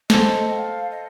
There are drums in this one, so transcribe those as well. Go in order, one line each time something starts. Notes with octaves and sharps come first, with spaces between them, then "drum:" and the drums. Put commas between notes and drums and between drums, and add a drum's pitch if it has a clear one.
A4 C5 D#5, drum: snare
G5
F5
D#5